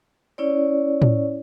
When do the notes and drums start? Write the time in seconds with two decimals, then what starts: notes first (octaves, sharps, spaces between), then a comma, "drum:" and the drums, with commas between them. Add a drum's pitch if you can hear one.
0.38 C#4 E4 C#5 D5
1.02 drum: tom A2